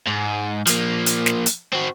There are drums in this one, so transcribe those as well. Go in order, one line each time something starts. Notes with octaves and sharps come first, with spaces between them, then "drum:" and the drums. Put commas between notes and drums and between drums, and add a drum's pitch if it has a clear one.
G#2
F3 A#3, drum: hi-hat
drum: hi-hat
drum: snare
drum: hi-hat
C4 F#4